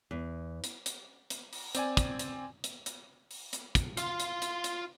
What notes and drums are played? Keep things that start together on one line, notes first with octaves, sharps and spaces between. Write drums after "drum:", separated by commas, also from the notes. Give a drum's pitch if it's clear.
E2
drum: hi-hat
drum: hi-hat
drum: hi-hat
drum: open hi-hat
C4 D5 G#5, drum: hi-hat
drum: kick, hi-hat
drum: hi-hat
drum: hi-hat
drum: hi-hat
drum: open hi-hat
drum: hi-hat
drum: kick, hi-hat
F4 F5, drum: hi-hat
drum: hi-hat
drum: hi-hat
drum: hi-hat